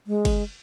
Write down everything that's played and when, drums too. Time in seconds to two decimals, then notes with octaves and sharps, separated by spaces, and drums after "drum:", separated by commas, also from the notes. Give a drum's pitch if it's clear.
0.07 G#3
0.25 drum: kick, cymbal